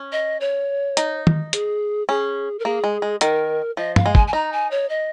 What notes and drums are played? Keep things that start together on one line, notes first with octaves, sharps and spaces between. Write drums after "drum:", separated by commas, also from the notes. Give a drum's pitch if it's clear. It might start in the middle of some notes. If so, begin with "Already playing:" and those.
Already playing: C#4
D#5
C#5
D#4, drum: hi-hat
drum: tom D#3
G#4, drum: hi-hat
C#4 G#4
A#4
A#3 G#4
G#3
G#3
D#3 A#4, drum: hi-hat
F3 D#5
F5, drum: tom G2
G#3
G#5, drum: kick
G#5
D#4 A#5
G#5
C#5
D#5